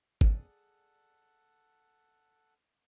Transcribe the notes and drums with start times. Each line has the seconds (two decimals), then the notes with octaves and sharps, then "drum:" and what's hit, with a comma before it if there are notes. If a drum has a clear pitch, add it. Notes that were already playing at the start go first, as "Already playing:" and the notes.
0.21 G#4 A4 D5 F#5 G#5, drum: kick G#1